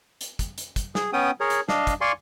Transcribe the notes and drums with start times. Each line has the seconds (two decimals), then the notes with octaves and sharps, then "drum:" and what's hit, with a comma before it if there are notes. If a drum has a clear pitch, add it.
0.21 drum: hi-hat
0.39 drum: kick, hi-hat
0.58 drum: hi-hat
0.76 drum: kick, hi-hat
0.95 G#4, drum: snare
1.13 B3 C#4 G5 D#6
1.40 G#4 A#4 C#5
1.50 drum: hi-hat
1.69 D4 D#5 F5, drum: snare
1.87 drum: kick, hi-hat
2.01 D5 F5 G#5 C6 C#6